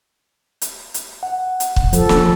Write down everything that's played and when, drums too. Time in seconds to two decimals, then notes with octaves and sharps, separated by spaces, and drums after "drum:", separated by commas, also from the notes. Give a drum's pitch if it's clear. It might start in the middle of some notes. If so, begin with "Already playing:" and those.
0.62 drum: hi-hat
0.94 drum: hi-hat
1.23 F#5
1.60 drum: hi-hat
1.76 drum: kick C#1
1.93 F3 A4, drum: hi-hat
2.09 drum: snare